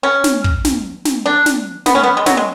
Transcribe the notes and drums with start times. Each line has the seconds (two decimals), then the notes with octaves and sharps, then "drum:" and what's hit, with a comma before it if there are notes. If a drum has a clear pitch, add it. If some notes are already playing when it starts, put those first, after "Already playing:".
0.03 C#4
0.24 drum: snare
0.44 drum: kick
0.65 drum: snare
1.05 drum: snare
1.26 D4
1.46 drum: snare
1.86 B3, drum: snare
1.95 C#4
2.03 B3
2.17 G#3
2.26 F#3, drum: snare
2.37 G#3